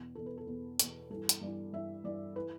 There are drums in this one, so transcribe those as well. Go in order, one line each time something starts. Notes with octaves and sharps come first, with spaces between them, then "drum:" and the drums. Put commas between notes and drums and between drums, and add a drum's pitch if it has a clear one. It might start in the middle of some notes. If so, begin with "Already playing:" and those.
Already playing: E2 B2
E2 B2 A4
B4
A4
E2 B2
E2 B2, drum: hi-hat
G2 E3 A4
drum: hi-hat
G2 E3 D5
G2 E3 E5
G2 E3 D5
E3 B4